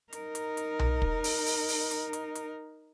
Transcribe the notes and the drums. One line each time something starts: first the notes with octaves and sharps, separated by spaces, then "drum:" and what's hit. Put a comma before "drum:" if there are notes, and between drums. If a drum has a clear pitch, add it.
D#4 A#4, drum: hi-hat
drum: hi-hat
drum: hi-hat
drum: tom B1
drum: kick
drum: open hi-hat
drum: open hi-hat
drum: open hi-hat
drum: hi-hat
drum: hi-hat
drum: hi-hat